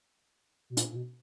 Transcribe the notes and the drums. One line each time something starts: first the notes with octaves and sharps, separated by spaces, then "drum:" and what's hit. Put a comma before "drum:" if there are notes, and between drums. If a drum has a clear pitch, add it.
B2
A#2, drum: hi-hat
A#2
B2